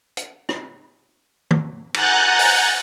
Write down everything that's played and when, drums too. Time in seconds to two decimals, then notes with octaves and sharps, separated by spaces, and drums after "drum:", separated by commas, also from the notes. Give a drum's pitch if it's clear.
0.17 drum: hi-hat
0.49 drum: rim click
1.51 drum: tom D#3
1.94 F#5 G#5 A#5 F#6 G6 A6, drum: cymbal
2.39 drum: open hi-hat